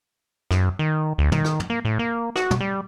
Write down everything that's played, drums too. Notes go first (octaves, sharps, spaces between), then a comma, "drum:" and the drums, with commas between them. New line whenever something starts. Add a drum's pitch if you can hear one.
F#2, drum: rim click
D#3
D2
D#3, drum: tom
drum: rim click
drum: tom
A#3
A2
A#3
F#4, drum: rim click
drum: tom
G3